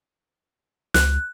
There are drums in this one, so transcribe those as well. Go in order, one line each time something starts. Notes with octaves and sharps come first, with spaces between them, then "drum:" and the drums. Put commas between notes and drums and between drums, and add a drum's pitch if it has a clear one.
C#2 F#6, drum: snare